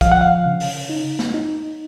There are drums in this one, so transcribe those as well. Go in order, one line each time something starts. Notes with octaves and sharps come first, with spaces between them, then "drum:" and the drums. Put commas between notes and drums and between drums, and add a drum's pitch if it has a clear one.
F3 F5, drum: kick, hi-hat
F#5
F5
C#3
drum: open hi-hat
D#4
drum: snare
D#4